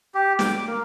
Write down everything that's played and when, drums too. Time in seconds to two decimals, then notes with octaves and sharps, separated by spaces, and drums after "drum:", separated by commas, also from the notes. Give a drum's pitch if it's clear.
0.15 G4
0.39 D6, drum: snare
0.67 A#3